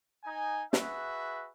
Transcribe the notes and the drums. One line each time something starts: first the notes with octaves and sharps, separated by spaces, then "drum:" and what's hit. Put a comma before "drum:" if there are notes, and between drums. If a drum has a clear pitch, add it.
D#4 G#5
F#4 G#4 B4 E5, drum: snare